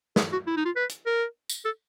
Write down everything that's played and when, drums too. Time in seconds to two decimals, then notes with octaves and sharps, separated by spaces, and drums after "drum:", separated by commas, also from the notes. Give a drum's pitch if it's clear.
0.16 G#4, drum: snare
0.32 F#4
0.47 E4
0.57 D#4
0.65 F4
0.76 B4
0.89 drum: hi-hat
1.06 A#4
1.50 drum: tambourine
1.65 A4